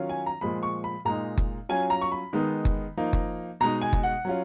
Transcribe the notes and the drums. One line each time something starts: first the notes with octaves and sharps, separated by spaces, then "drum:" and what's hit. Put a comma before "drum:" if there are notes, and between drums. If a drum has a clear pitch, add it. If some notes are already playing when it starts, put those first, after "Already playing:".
Already playing: D#3 F#3 C#4 F4
G#5
A#5
A#2 F3 G#3 B5
C#6
B5
A#2 G#3 D#4 A#5
drum: kick F#1
F#3 C#4 F4 G#5
A#5
C#6
B5
D#3 G#3 B3 D#4
drum: kick F#1
F3 A#3 D#4
drum: kick F#1
B2 G#3 D#4 A#5
G#5
drum: kick F#1
F#5
F#3 C#4 F4